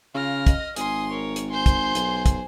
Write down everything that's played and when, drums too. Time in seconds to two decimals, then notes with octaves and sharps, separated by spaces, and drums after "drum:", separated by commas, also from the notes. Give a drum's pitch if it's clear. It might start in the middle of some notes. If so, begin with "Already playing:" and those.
0.15 C#3 F4 F6 A#6
0.47 D#5, drum: kick, hi-hat
0.76 G#1 G#4 C6 D#6, drum: hi-hat
1.11 A#4 C#5
1.36 drum: hi-hat
1.51 G#4 C5 C6 G6
1.66 drum: kick, hi-hat
1.95 B1, drum: hi-hat
2.26 drum: kick, hi-hat